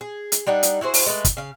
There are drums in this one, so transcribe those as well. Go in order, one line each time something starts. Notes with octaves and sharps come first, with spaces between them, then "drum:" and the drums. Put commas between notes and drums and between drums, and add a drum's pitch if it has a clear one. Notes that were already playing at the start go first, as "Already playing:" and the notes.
G#4
drum: hi-hat
G3 D4 D#4 F#5
drum: hi-hat
E4 F#4 G#4 C5
drum: open hi-hat
G#3 A3 A#4 B4
drum: kick, hi-hat
C#3 F5